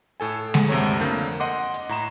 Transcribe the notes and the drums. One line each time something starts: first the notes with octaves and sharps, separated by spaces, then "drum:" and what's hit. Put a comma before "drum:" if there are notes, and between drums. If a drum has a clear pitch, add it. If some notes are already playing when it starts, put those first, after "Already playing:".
A2 A4 G#5
G#3, drum: snare G#3
D2 G2 C3 A3 C#5 A#5
F2 D3 A#3 G6
D#5 F#5 C6 D6
drum: hi-hat
A2 A#5 E7